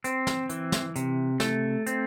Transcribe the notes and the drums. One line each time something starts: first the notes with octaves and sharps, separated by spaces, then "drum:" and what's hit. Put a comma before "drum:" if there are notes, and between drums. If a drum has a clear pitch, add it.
C4, drum: hi-hat
drum: snare
E3, drum: hi-hat
drum: snare
C3, drum: hi-hat
A3, drum: snare
C4, drum: hi-hat